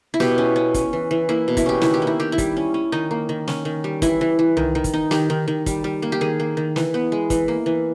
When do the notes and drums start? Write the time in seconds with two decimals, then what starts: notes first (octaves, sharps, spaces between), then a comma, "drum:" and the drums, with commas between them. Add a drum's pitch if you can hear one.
0.14 E4
0.20 B2 G4, drum: snare
0.38 C#4
0.56 C#4
0.74 C#4, drum: kick, hi-hat
0.93 E3
1.11 E3
1.29 A#3 E4
1.48 B2
1.57 E4, drum: kick, hi-hat
1.66 C#4 G4
1.82 D#3 E4, drum: snare
1.94 G4
2.02 A#3
2.07 E4
2.20 D#3 G4
2.32 E4
2.38 G3, drum: kick, hi-hat
2.57 C#4
2.74 C#4
2.92 D#3 D#4
3.11 A#3
3.29 D#3
3.48 C#4, drum: snare
3.65 D#3
3.84 G3
4.02 E3 E4, drum: kick, hi-hat
4.21 E3
4.39 E3
4.57 D#3, drum: tom C2
4.75 D#3
4.84 drum: kick, hi-hat
4.94 D#4
5.11 D#3 G4, drum: snare
5.30 D#3
5.48 D#3
5.66 G3, drum: kick, hi-hat
5.84 G3
6.02 A#3
6.12 G4
6.21 D#3 G#4
6.40 A#3
6.57 D#3
6.76 E3, drum: snare
6.94 B3
7.12 G#3
7.30 E3, drum: kick, hi-hat
7.48 A#3
7.66 E3